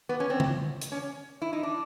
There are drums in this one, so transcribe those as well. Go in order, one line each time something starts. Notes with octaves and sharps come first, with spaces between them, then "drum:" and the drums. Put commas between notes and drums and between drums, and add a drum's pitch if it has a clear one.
B3
C#4
C4
drum: tom C#3
drum: hi-hat
C#4
E4
D#4
D4